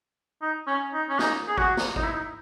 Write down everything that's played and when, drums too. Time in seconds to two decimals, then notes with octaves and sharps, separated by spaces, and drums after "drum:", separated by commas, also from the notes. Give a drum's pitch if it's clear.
0.42 D#4
0.67 C#4
0.93 D#4
1.09 C#4
1.19 D#4, drum: snare
1.48 G#4
1.58 F#4, drum: kick
1.77 drum: snare
1.96 D#4, drum: kick
2.04 E4
2.12 D#4